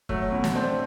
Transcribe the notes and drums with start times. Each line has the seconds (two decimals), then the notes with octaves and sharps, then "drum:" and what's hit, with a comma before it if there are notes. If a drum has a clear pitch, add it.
0.09 F#3 A3, drum: kick
0.32 B2
0.44 drum: snare
0.55 C4 D4